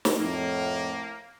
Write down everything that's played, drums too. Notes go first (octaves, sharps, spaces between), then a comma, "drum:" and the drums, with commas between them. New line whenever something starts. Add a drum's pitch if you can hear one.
drum: snare
F2 A2 A#3